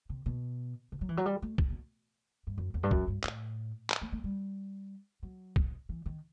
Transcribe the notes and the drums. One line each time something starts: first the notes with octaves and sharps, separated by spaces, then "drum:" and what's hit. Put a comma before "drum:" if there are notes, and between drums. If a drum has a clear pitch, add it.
C3
B2
C3
F#3
E3
F#3
G3
A3
drum: kick C2
B2
G2
F#2
E2
G2
F#2, drum: kick C2
G2
A2, drum: clap
drum: clap
A3
A3
G3
F#3
drum: kick C2
E3
D#3